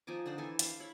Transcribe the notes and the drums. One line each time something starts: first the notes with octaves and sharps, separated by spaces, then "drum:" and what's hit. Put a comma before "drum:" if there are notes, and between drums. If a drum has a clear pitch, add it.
F3 D#4 G#5 D6
D3 D4 D#4 C5
E3 A4 G#5
F5 A5, drum: hi-hat
E4 C#5 B5